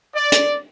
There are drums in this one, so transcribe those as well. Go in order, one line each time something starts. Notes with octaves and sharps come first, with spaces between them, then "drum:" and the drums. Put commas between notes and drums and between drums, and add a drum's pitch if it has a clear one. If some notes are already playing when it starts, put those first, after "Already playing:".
D5
drum: hi-hat